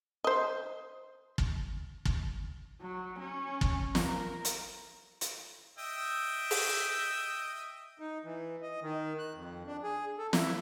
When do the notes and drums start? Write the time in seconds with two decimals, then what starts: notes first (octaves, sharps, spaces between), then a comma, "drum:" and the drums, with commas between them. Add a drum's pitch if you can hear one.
0.24 C5 D#5
1.38 drum: kick
2.05 drum: kick
2.81 F#3
3.19 C#4
3.61 drum: kick
3.95 A#4, drum: snare
4.45 drum: hi-hat
5.21 drum: hi-hat
5.78 D#5 E5 G5
6.51 drum: open hi-hat
7.99 D#4
8.24 E3
8.62 D#5
8.82 D#3
9.19 F#6
9.34 F2
9.67 D4
9.83 G#4
10.18 A4
10.33 E4, drum: snare